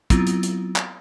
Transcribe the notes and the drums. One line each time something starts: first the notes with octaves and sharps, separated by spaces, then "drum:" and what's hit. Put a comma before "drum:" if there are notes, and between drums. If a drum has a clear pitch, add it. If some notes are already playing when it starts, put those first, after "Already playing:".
F#3 B3 C4 E4 F4, drum: kick, hi-hat
drum: hi-hat
drum: hi-hat
drum: clap